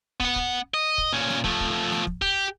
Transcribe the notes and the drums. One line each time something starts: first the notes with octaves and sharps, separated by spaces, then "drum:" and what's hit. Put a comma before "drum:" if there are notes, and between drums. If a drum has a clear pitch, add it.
B3 F#5, drum: kick
drum: kick
D#5
drum: kick
A#2 C#4
drum: snare
F3 A3, drum: kick
drum: kick
drum: snare
drum: kick
G4, drum: kick